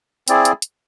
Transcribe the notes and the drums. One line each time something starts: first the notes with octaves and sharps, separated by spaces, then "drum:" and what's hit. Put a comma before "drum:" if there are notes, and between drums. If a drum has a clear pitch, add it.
C4 E4 G#4 D5, drum: hi-hat
drum: hi-hat
drum: hi-hat